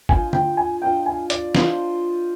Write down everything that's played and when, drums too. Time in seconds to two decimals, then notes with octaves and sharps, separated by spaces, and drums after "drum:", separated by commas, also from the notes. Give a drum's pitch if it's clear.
0.09 D4 F4 C5 D#5 G#5, drum: kick G1
0.33 G5, drum: tom
0.57 G#5
0.82 D4 F4 C5 D#5 G5
1.06 G#5
1.30 D5, drum: hi-hat
1.55 D4 F4 C5 D#5, drum: snare